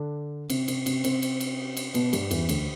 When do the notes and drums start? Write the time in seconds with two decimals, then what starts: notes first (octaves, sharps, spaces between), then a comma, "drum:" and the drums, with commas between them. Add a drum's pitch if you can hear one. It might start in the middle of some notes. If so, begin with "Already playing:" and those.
Already playing: D3 D4
0.50 C3 C4, drum: cymbal
0.68 C3 C4, drum: cymbal
0.86 C3 C4, drum: cymbal
1.04 C3 C4, drum: cymbal
1.22 drum: cymbal
1.40 drum: cymbal
1.77 drum: cymbal
1.94 B2 B3, drum: cymbal
2.13 G2 G3, drum: cymbal
2.31 E2 E3, drum: cymbal
2.49 D2 D3, drum: cymbal